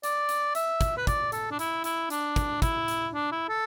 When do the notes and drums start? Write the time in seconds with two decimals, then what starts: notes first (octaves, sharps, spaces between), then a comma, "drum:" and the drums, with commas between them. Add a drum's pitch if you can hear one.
0.03 D5, drum: hi-hat
0.29 drum: hi-hat
0.55 E5, drum: hi-hat
0.81 drum: kick, hi-hat
0.97 B4
1.07 D5, drum: kick, hi-hat
1.32 A4, drum: hi-hat
1.51 D4
1.59 E4, drum: hi-hat
1.84 E4, drum: hi-hat
2.10 D4, drum: hi-hat
2.36 drum: kick, hi-hat
2.62 E4, drum: kick, hi-hat
2.88 drum: hi-hat
3.14 D4
3.31 E4
3.49 A4